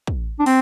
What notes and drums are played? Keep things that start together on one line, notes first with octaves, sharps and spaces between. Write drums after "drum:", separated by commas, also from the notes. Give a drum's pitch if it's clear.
drum: kick
D4
C4, drum: open hi-hat